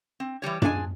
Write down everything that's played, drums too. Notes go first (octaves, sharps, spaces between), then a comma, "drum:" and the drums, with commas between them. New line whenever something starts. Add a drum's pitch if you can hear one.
C4
E3 F3 G3 C#5
D4 F4 G#4 F5 G#5, drum: tom F#2